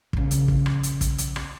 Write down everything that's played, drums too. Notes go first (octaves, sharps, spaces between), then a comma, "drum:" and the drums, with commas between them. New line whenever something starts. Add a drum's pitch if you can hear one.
A#1 C#3, drum: kick
drum: hi-hat
drum: kick
drum: rim click
drum: hi-hat
drum: kick, hi-hat
drum: hi-hat
drum: rim click